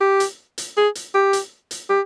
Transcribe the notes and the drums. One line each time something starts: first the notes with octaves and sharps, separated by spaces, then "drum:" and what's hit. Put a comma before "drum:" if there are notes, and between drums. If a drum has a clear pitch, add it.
G4
drum: hi-hat
drum: hi-hat
G#4
drum: hi-hat
G4
drum: hi-hat
drum: hi-hat
G4